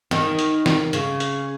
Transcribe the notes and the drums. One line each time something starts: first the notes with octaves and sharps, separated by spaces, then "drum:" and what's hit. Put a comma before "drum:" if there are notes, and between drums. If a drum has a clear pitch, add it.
D#3, drum: snare
drum: hi-hat
drum: snare
C#3, drum: hi-hat
drum: hi-hat